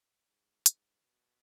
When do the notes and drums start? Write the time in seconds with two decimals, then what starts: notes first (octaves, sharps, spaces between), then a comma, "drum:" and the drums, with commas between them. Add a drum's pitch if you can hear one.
0.28 G#2
0.66 G#2, drum: hi-hat
1.04 B2